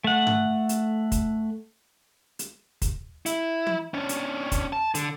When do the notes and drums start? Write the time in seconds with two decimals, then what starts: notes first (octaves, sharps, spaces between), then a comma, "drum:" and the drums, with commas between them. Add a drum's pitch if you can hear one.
0.04 A3 F#5
0.27 drum: tom G#2
0.69 drum: hi-hat
1.12 drum: kick, hi-hat
2.39 drum: hi-hat
2.82 drum: kick, hi-hat
3.26 E4, drum: hi-hat
3.67 drum: tom
3.94 C#4 D4
4.09 drum: hi-hat
4.52 drum: kick, hi-hat
4.73 A5
4.95 D3, drum: hi-hat